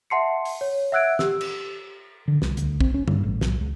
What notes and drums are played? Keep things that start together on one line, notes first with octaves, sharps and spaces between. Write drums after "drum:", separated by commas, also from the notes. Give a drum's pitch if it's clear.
E5 F#5 A5 C6 C7 C#7
drum: open hi-hat
C#5
E5 F#5 E6 F#6 G#6 D7
G4 E6, drum: snare
drum: cymbal
D3
C2, drum: snare
D2, drum: hi-hat
C4, drum: kick
C#4
G2, drum: tom
A1
B1, drum: snare
C#2